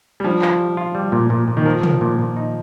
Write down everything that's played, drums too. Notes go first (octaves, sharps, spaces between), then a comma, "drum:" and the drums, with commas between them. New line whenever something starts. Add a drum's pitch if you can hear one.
G3
F3 D4
F4, drum: clap
G3
F4
G3
A#2
A#2
A#2
D#3
F3 A#4
A#4, drum: tom
A#2
A#2
D#4